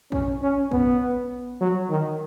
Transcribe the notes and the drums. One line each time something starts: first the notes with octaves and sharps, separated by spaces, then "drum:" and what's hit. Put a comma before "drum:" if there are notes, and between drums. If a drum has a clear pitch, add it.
C#4, drum: kick A#1
C#4
B3, drum: kick A#1
F#3
D#3